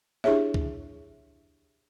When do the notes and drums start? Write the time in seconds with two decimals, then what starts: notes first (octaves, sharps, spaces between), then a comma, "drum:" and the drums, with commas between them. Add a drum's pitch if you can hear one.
0.24 D4 E4 G4 G#4 C#5 E5, drum: snare
0.54 drum: kick C#2